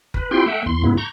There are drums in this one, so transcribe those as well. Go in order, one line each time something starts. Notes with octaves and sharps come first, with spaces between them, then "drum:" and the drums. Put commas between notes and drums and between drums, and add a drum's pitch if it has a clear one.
B4, drum: kick F#1
C4 E4 F4 G4 G5 C6
A3 E5 F#5 G5
E2 C6
G#2 C#3 B3 E4
A#5 C#6 G6